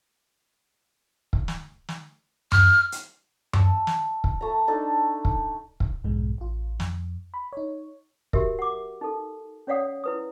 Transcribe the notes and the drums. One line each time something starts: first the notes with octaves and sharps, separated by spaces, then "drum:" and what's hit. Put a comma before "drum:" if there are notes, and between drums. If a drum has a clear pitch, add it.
drum: kick
drum: snare
drum: snare
F6, drum: tom F#2
drum: hi-hat
A5 E6, drum: tom F#2
drum: snare
drum: kick
A3 A#5
D4 D#4 A4
drum: kick
drum: kick
B1 F2 G#2 B2 G#3
A1 F4
F2, drum: snare
B5
D#4 C#5
F#4 G4 A#4 E5, drum: kick
F#5 D6
D#4 A4
C#4 C#5 D5 F5 F#5 D#6
E4 B4 D#6